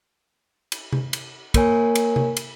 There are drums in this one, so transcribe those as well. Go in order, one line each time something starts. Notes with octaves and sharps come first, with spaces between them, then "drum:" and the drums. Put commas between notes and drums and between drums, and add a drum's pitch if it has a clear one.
drum: cymbal
drum: tom C3
drum: cymbal
A#3 A#4 C#5 G#5, drum: kick, cymbal
drum: cymbal
drum: tom C3
drum: cymbal